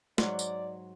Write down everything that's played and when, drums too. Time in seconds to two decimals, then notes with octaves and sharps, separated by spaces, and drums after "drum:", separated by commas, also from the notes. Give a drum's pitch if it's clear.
0.18 G#2 F#3 D5, drum: snare
0.39 drum: tambourine